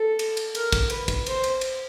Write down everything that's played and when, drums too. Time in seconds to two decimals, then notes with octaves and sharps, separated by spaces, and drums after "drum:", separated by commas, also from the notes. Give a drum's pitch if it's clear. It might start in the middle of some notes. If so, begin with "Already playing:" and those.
Already playing: A4
0.19 drum: cymbal
0.37 drum: cymbal
0.55 A#4, drum: cymbal
0.72 drum: kick, cymbal
0.90 B4, drum: cymbal
1.08 drum: kick, cymbal
1.26 C5, drum: cymbal
1.44 drum: cymbal
1.61 drum: cymbal